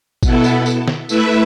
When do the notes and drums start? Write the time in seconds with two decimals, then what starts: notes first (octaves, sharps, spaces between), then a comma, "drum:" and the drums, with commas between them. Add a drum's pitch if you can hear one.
0.23 B2 B3 E4 A4, drum: kick G#1, tambourine
0.44 drum: tambourine
0.66 drum: tambourine
0.88 drum: snare D#3
1.09 A3 E4 B4 E5, drum: tambourine